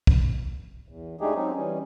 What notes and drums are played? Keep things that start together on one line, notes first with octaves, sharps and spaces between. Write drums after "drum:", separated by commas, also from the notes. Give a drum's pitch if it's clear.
drum: kick
E2
G#3 A3 D4 D#4 G4 G#4
F#3 C4 C#4 D#4
E3 G3 C#4